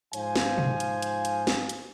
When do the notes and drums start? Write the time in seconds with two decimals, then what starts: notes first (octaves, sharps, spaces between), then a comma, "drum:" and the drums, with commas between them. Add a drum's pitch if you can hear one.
0.13 G#2 F3 C5 F5 G#5, drum: hi-hat
0.36 drum: snare
0.58 drum: tom B2
0.80 drum: hi-hat
1.02 drum: hi-hat
1.25 drum: hi-hat
1.47 drum: snare
1.69 drum: hi-hat